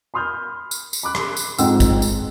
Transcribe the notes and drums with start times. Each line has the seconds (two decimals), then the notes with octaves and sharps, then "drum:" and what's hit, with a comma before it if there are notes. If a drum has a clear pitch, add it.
0.14 B5 C6 D#6 F6 G6
0.71 drum: tambourine
0.93 drum: tambourine
1.03 B5 D6 F#6
1.15 drum: rim click
1.37 drum: tambourine
1.58 F2 G#2 F3 F#5 G5 E6, drum: tambourine
1.80 drum: kick A1, tambourine
2.02 drum: tambourine